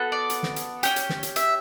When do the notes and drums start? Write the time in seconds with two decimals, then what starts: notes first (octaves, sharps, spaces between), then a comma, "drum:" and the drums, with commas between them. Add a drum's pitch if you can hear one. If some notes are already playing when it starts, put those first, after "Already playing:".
Already playing: B3 F#4 A4
0.12 D5
0.30 drum: hi-hat
0.43 drum: snare
0.56 drum: hi-hat
0.83 C#4 G4, drum: hi-hat
0.96 drum: hi-hat
1.09 drum: snare
1.23 drum: hi-hat
1.36 E5, drum: hi-hat